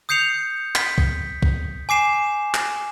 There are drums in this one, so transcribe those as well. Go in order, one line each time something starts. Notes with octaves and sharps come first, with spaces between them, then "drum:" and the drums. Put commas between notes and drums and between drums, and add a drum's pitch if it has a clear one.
D#6 G6 C7 C#7 F7
B6, drum: clap
drum: kick
drum: kick
G#5 D6 C7 E7
drum: clap